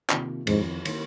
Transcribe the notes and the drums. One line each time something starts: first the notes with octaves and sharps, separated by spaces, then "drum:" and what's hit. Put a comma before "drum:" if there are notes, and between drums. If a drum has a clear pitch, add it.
C3 D#3 A#3 F4, drum: clap
F2 G#2 D#3 C4 D#4, drum: cymbal
D#3 A#3, drum: cymbal